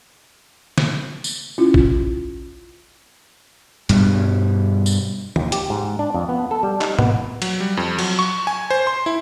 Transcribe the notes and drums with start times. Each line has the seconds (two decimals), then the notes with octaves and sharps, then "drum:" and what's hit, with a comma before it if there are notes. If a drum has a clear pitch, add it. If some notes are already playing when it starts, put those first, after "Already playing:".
0.78 drum: snare
1.24 drum: tambourine
1.58 C#4 E4 F4
1.74 drum: kick
3.89 G2 B2 G3, drum: hi-hat
4.86 drum: tambourine
5.36 D#2, drum: tom D#3
5.52 G4, drum: hi-hat
5.70 G#2
5.99 D4
6.14 F2
6.29 B3
6.51 A4
6.63 G3
6.81 D#4, drum: clap
6.99 B3, drum: tom
7.42 F#3, drum: cymbal
7.60 G3
7.77 F2
7.99 F#3, drum: cymbal
8.19 C#6
8.47 G#5
8.70 C5
8.87 C6
9.06 E4